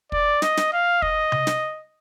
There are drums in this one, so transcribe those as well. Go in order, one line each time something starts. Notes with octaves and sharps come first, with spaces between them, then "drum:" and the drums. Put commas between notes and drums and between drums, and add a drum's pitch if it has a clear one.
D5, drum: kick
D#5, drum: snare
drum: snare
F5
D#5, drum: kick
drum: tom C3
drum: snare